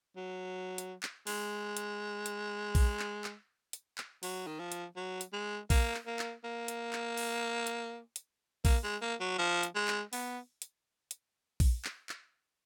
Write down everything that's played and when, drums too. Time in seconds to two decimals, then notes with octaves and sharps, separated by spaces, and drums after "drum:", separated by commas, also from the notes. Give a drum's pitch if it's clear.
0.17 F#3
0.78 drum: hi-hat
1.03 drum: clap
1.27 G#3, drum: open hi-hat
1.77 drum: hi-hat
2.26 drum: hi-hat
2.75 drum: kick A#1, open hi-hat
3.00 drum: clap
3.24 drum: clap
3.73 drum: hi-hat
3.98 drum: clap
4.23 F#3, drum: open hi-hat
4.47 D#3
4.59 F3
4.72 drum: hi-hat
4.96 F#3
5.21 drum: hi-hat
5.33 G#3
5.70 A#3, drum: kick A#1, open hi-hat
5.95 drum: clap
6.07 A#3
6.19 drum: clap
6.44 A#3
6.68 drum: hi-hat
6.93 drum: clap
7.17 drum: open hi-hat
7.67 drum: hi-hat
8.16 drum: hi-hat
8.65 A#3, drum: kick A#1, open hi-hat
8.83 G#3
9.02 A#3
9.20 F#3
9.39 F3
9.63 drum: hi-hat
9.75 G#3
9.88 drum: clap
10.13 B3, drum: open hi-hat
10.62 drum: hi-hat
11.11 drum: hi-hat
11.60 drum: kick A#1, open hi-hat
11.85 drum: clap
12.09 drum: clap